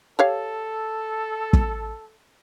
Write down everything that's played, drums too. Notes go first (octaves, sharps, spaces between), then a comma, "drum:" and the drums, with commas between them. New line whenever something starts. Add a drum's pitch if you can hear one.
G4 A4 C#5 F5
drum: kick